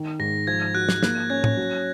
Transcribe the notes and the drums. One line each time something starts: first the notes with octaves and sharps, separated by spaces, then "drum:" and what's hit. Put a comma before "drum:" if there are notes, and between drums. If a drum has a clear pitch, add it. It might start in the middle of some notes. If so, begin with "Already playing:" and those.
Already playing: D#3
G#2 A#6
F3 G#6
F#4 F#6
drum: snare
A#3 F#6, drum: snare
C#4 G#6
drum: tom A2
F#3